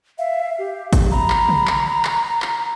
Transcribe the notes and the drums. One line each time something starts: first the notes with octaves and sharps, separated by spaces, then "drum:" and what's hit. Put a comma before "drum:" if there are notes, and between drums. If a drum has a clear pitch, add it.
E5 F5
G4
drum: kick G#1, hi-hat
A#5 B5
drum: clap
drum: tom
drum: clap
drum: clap
drum: clap